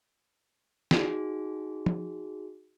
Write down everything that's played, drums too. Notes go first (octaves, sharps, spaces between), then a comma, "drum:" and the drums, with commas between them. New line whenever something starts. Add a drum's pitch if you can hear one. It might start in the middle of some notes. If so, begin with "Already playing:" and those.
D#4 F#4 G#4, drum: snare
drum: tom